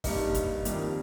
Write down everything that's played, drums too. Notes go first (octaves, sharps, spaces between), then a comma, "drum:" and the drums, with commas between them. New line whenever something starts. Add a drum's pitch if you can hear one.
G2 G3 A#3 D#4, drum: kick G#1, open hi-hat
drum: kick G#1, hi-hat
F2 D#3 G3 A#3, drum: hi-hat